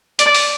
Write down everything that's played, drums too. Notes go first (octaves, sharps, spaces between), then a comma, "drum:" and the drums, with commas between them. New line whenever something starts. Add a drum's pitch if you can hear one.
D5, drum: hi-hat
drum: open hi-hat